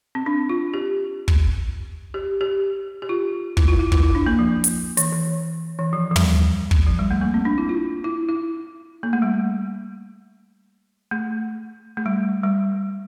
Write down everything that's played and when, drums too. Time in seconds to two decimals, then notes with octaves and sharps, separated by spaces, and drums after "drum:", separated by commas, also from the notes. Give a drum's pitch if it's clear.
0.15 C4
0.26 D4
0.49 F4
0.74 G4
1.28 drum: kick
2.14 G4
2.41 G4
3.02 G4
3.09 F4
3.57 E4, drum: kick
3.68 F4
3.79 E4
3.92 E4, drum: kick
4.03 E4
4.15 D4
4.26 A#3
4.39 F3
4.64 drum: hi-hat
4.97 E3, drum: hi-hat
5.12 E3
5.79 E3
5.93 F3
6.11 F3
6.16 G3, drum: tom
6.71 drum: kick
6.87 F3
6.99 G3
7.11 A3
7.21 A#3
7.34 C4
7.45 D4
7.58 E4
7.69 F4
8.04 E4
8.29 E4
9.03 A#3
9.13 A3
9.22 G3
11.11 A3
11.97 A3
12.06 G3
12.44 G3